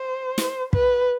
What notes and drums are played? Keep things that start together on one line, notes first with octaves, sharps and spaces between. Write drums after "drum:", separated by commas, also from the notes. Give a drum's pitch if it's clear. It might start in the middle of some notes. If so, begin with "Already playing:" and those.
Already playing: C5
drum: snare
B4, drum: kick